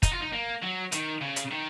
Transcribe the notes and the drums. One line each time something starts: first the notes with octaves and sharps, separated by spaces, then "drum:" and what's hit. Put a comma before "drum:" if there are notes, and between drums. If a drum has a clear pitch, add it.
D#4, drum: kick, hi-hat
F4
D#4
A#3
F#3
D#3, drum: hi-hat
C#3
drum: hi-hat
D#3